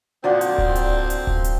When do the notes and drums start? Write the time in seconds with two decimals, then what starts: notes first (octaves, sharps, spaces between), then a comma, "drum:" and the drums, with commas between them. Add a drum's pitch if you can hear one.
0.24 A#2 D3 F3 C4 F#4 D5 F#5
0.41 drum: hi-hat
0.58 drum: kick D1
0.75 drum: hi-hat
1.10 drum: hi-hat
1.27 drum: kick D1
1.44 drum: hi-hat